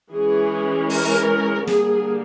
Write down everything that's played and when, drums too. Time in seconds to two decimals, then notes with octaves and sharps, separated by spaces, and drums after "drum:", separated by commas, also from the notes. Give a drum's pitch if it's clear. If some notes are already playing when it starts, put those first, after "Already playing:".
0.11 E3 G#3 C#4 G#4
0.90 A#4, drum: open hi-hat
1.67 D3 G3 A#3 G#4, drum: snare